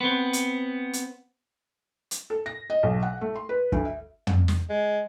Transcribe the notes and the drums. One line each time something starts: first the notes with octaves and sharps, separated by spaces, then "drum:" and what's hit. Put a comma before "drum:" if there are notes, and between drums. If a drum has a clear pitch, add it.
B3 C4
drum: hi-hat
drum: hi-hat
drum: hi-hat
A4
A#6
D#5
B1
F#5
A3
C6
B4
D2, drum: kick
E5
drum: tom
drum: snare
G#3